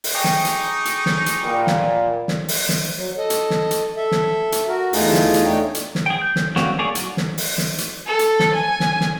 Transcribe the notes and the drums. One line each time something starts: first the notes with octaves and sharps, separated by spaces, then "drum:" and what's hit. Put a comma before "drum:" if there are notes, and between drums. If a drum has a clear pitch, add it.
drum: open hi-hat
D#4 G#4 G5 C#6 D6
drum: snare
drum: hi-hat
drum: hi-hat
drum: snare
drum: hi-hat
A#2 G3 A#4
drum: snare
drum: snare
drum: open hi-hat
drum: snare
F#3
A4 D#5
drum: hi-hat
drum: snare
drum: hi-hat
A4 E5
drum: snare
drum: hi-hat
F#4 A#4
E2 A3 D#4 F4 G#4, drum: open hi-hat
drum: snare
drum: hi-hat
A3 D4 D#4 C#5 G5
drum: hi-hat
drum: snare
G#4 G5
G6
drum: snare
G3 A#3 C4 C#4 F#4, drum: snare
A#3 G#4 C#5 D5
F#3, drum: hi-hat
drum: snare
drum: open hi-hat
drum: snare
drum: hi-hat
A4
drum: hi-hat
drum: snare
G#5
drum: snare
drum: snare